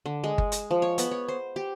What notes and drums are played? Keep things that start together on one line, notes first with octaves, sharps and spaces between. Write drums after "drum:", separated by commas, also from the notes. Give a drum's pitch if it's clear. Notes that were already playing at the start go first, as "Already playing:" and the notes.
D3
G#3
drum: kick G1
drum: hi-hat
F3
C#5
B3, drum: hi-hat
C#5
C5
G4